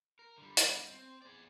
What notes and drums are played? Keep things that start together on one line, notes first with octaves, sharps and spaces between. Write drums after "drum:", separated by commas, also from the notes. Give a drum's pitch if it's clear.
A#4
D3 G3
drum: hi-hat
C4
G#4 D5